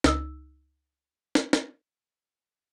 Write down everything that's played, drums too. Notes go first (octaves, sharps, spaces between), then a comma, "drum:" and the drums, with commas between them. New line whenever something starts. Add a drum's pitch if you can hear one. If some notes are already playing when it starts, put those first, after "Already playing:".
C#2 D#4 E6, drum: snare
drum: snare
drum: snare